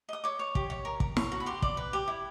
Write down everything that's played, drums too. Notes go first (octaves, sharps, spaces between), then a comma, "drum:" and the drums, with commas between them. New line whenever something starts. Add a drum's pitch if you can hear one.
D#5 D#6
C#5 D6
C#5
G4, drum: kick
C#5
A#4
A#4, drum: kick
C#5, drum: snare
F#4
B5
G4 C6
D5, drum: kick
B4
G4
E4